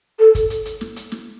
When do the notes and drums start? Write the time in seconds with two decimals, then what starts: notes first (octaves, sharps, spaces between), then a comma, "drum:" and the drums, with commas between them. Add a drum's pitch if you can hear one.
0.19 A4
0.35 drum: kick, hi-hat
0.50 drum: hi-hat
0.66 drum: hi-hat
0.81 drum: snare
0.96 drum: hi-hat
1.12 drum: snare